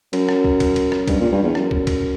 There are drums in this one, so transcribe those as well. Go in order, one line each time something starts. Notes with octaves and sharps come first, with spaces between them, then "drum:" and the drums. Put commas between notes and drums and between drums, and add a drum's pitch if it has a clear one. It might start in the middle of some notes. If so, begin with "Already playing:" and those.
F#2, drum: cymbal
drum: rim click
drum: kick
drum: kick, cymbal
drum: cymbal
drum: rim click
G2, drum: kick, cymbal
A#2
G2
E2
F#2, drum: rim click
drum: kick
drum: kick, cymbal